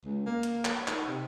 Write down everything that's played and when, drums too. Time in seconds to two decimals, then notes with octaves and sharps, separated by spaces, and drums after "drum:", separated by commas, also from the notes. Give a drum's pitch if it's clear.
0.05 C#2
0.26 A#3
0.43 drum: hi-hat
0.65 drum: clap
0.88 D#4, drum: clap
1.08 C3